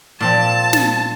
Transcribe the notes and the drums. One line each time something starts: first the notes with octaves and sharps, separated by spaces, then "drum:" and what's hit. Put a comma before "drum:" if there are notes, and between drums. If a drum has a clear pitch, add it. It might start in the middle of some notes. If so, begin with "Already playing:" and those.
A#2 F3 C4 A5
drum: snare